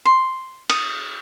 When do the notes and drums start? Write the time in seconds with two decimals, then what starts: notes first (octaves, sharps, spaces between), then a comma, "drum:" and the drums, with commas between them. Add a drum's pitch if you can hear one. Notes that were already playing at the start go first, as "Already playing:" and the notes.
0.05 C6
0.70 D#6, drum: cymbal